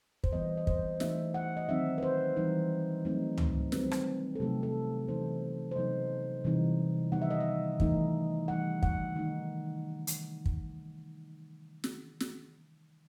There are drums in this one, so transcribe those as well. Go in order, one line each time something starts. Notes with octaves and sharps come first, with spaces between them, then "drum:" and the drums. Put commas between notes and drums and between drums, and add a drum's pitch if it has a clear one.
C5, drum: kick
E3 G3 B3 D#5
D#5
C5, drum: kick
E3 A3 D#4 E5, drum: snare
F#5
D#5
D#3 F#3 C4 D#4 E5
B4
C5
E3 G3 D#4
F#3 A3 C4 D#4
drum: tom C#2
D#3 G3 C4 B4, drum: snare
drum: rim click
A4
C3 F#3 A3 C4 D#4 G4
A4
E3 B3 D#4 C5
C5
C3 F#3 B3 D#4 D#5
C3 E3 G3 D#4
D#3 G3 B3 D#4 F#5
E5
D#5
E5
E3 A3 D#4, drum: kick
E3 G3 D#4 F#5
F#5, drum: kick
D#3 A3 D#4
drum: hi-hat
drum: kick
drum: snare
drum: snare